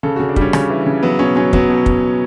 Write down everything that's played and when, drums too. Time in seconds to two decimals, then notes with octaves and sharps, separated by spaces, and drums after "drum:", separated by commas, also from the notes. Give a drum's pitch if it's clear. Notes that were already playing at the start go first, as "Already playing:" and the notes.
0.03 C#3 A4
0.16 C#3 F#4
0.29 D4
0.36 G3 C#4, drum: kick
0.53 C#3 C#4, drum: rim click
0.70 E3
0.87 C#3
1.03 F#3 B3
1.19 B2 C#4
1.36 F#3 C#4
1.53 F#3 B3, drum: kick
1.69 B2
1.86 drum: kick